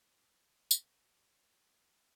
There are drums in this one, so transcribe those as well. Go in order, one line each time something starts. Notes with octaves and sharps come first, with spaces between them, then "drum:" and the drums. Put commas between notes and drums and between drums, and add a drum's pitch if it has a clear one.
D#3
E3
drum: tambourine
F#3
E3